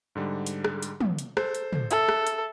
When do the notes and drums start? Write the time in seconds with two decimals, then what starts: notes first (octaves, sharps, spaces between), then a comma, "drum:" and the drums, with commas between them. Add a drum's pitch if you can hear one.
0.15 G#2 D3 G3
0.47 drum: hi-hat
0.65 drum: rim click
0.83 drum: hi-hat
1.01 drum: tom
1.19 drum: hi-hat
1.37 A4 C5, drum: rim click
1.55 drum: hi-hat
1.73 drum: tom
1.91 A4 E5, drum: hi-hat
2.09 drum: rim click
2.27 drum: hi-hat